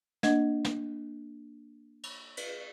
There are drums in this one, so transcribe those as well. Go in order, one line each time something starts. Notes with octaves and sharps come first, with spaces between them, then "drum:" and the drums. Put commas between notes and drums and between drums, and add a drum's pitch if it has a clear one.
A#3 D4 D#5 F#5 G#6, drum: snare
drum: snare
drum: cymbal
drum: cymbal